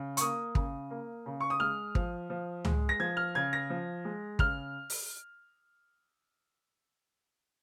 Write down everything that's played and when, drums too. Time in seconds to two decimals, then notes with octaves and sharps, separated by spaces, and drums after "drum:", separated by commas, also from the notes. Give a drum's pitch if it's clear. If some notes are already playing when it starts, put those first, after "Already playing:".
Already playing: C#3
0.17 C#6, drum: hi-hat
0.21 A#3 D#6
0.55 C#3, drum: kick
0.90 A#3
1.26 C#3
1.40 C#6
1.50 D#6
1.60 G#3 F6
1.95 F3, drum: kick
2.30 F3
2.65 G#3, drum: tom C#2
2.89 A#6
3.00 F3 G#6
3.17 F6
3.35 C#3 G#6
3.53 A#6
3.70 F3
4.05 G#3
4.39 C#3 F6, drum: kick
4.90 drum: open hi-hat